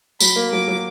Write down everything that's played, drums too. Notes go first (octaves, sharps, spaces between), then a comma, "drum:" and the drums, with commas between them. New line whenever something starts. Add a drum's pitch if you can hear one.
F#3 B5, drum: tambourine
A#3
F#3 D6
F#3